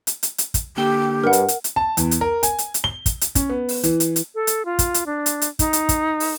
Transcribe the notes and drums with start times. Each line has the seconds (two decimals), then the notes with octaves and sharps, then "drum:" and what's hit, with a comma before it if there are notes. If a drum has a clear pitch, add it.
0.07 drum: hi-hat
0.23 drum: hi-hat
0.38 drum: hi-hat
0.54 drum: kick, hi-hat
0.77 D3 A#3 G4 G5
1.24 G2 A#4 F#5
1.33 drum: hi-hat
1.48 drum: hi-hat
1.64 drum: hi-hat
1.76 A5
1.97 E2, drum: hi-hat
2.11 drum: hi-hat
2.21 A#4
2.43 G#5, drum: hi-hat
2.58 drum: hi-hat
2.74 drum: hi-hat
2.84 G7
3.06 drum: kick, hi-hat
3.21 drum: hi-hat
3.35 C#4, drum: kick, hi-hat
3.50 B3
3.69 drum: open hi-hat
3.83 E3, drum: hi-hat
4.00 drum: hi-hat
4.16 drum: hi-hat
4.35 A4
4.47 drum: hi-hat
4.65 F4
4.79 drum: kick, hi-hat
4.94 drum: hi-hat
5.06 D4
5.26 drum: hi-hat
5.42 drum: hi-hat
5.59 D#4, drum: kick, hi-hat
5.73 drum: hi-hat
5.89 drum: kick, hi-hat
6.20 drum: open hi-hat